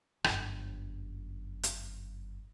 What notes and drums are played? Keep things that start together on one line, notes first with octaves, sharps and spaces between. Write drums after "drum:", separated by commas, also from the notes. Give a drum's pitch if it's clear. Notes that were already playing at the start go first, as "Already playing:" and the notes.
G1 F#2, drum: rim click
drum: hi-hat